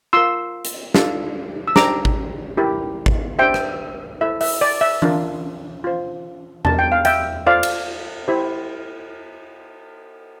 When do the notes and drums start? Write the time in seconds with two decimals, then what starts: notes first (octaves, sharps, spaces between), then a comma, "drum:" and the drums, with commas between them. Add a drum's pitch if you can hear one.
0.13 F4 A#4 C6 E6
0.65 drum: hi-hat
0.94 D4 F4 A4, drum: snare
1.68 E6
1.76 D4 G4 C5 A#5 D6, drum: snare
2.05 drum: kick G#1
2.57 E4 G4 A#4
3.06 drum: kick G#1
3.39 D4 G4 C5 E5 G5
3.54 drum: rim click
4.21 E4 A4 C5 E5
4.41 E5, drum: open hi-hat
4.61 D5
4.81 E5
5.02 D4 F4 A#4, drum: tom E3
5.84 F4 C5
6.65 D4 G4 A#4 A5, drum: tom E2
6.79 G5
6.92 F5
7.05 E5 G5, drum: hi-hat
7.47 F4 A4 C5 D5 F5
7.63 drum: cymbal
8.28 E4 G4 C5